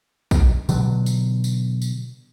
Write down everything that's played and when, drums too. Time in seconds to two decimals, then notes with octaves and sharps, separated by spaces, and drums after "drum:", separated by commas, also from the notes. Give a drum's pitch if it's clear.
0.31 drum: kick A#1, tambourine
0.69 B2 D3 F#3, drum: tambourine
1.06 drum: tambourine
1.44 drum: tambourine
1.82 drum: tambourine